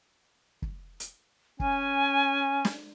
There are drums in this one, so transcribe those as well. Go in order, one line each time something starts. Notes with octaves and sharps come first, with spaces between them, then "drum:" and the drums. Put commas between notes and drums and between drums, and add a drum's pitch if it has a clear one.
drum: kick
drum: hi-hat
C#4 G#5, drum: kick
drum: snare